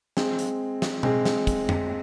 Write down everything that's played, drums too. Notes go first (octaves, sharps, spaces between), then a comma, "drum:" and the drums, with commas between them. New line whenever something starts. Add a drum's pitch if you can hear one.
G#3 C4, drum: snare
drum: hi-hat
drum: snare
G#3 C4, drum: tom B2
drum: snare
drum: kick, hi-hat
drum: tom F2